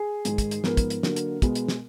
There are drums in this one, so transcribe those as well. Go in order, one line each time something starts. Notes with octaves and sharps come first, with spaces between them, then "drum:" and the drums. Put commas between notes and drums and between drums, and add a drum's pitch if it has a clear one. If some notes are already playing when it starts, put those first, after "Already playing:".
Already playing: G#4
G#2 D#3 G#3, drum: hi-hat
drum: kick, hi-hat
drum: hi-hat
G#2 F3 B3 A#4, drum: snare
drum: kick, hi-hat
drum: hi-hat
D3 F#3 A#3, drum: snare
drum: hi-hat
B2 G#3 B3, drum: kick, hi-hat
drum: hi-hat
drum: snare